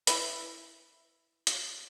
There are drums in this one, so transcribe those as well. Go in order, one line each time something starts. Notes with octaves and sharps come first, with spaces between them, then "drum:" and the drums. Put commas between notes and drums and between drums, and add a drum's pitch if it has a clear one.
E4 B4, drum: hi-hat
drum: hi-hat